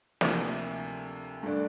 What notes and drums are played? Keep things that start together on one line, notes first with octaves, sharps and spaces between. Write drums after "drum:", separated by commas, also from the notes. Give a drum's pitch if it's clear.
D2 C3 F3 A#3 E4, drum: snare
G2 D3 A3 D4